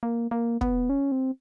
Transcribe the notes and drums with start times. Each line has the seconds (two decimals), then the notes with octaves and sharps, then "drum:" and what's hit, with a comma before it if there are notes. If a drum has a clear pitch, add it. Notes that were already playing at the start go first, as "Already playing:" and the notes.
0.03 A#3
0.31 A#3
0.61 B3, drum: kick
0.89 C#4
1.12 C4